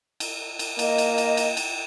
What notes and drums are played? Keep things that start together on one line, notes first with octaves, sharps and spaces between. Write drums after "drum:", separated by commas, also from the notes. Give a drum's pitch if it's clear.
drum: cymbal
drum: cymbal
A#3 D#5, drum: cymbal
drum: cymbal
drum: cymbal
drum: cymbal
drum: cymbal